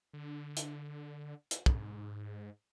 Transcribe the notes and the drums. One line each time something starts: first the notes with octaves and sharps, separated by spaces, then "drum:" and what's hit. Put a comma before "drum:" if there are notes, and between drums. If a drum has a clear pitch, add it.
D3
drum: hi-hat
drum: hi-hat
G#2, drum: kick